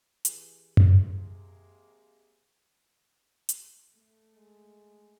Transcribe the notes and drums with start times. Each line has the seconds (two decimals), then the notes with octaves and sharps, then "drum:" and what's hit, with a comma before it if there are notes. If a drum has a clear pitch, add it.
0.25 E3 G4 G#4, drum: hi-hat
0.77 drum: tom F#2
0.90 C3 G#3 A#3
3.49 drum: hi-hat
3.92 A3
4.35 G#3